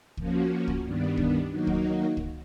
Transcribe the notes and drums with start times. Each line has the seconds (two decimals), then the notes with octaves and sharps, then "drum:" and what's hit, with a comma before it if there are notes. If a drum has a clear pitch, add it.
0.17 F3 A#3 C#4 F#4, drum: kick
0.68 drum: kick
0.84 G2 D#3 G3 B3 D4
1.17 drum: kick
1.51 D#3 F#3 A#3 D#4 F#4
1.67 drum: kick
2.17 drum: kick